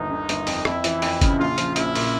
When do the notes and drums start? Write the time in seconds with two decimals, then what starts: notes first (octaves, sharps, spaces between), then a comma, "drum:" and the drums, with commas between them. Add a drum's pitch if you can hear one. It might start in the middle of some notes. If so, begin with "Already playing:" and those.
Already playing: G1 D#2 D#4
0.11 D3
0.29 G1, drum: hi-hat
0.47 F2, drum: open hi-hat
0.65 F2 E4, drum: rim click
0.84 E3, drum: hi-hat
1.02 F2, drum: open hi-hat
1.21 C#3, drum: kick F#1, hi-hat
1.39 A#1 F4
1.58 F3, drum: hi-hat
1.76 A#1 E4, drum: hi-hat
1.95 A#2, drum: open hi-hat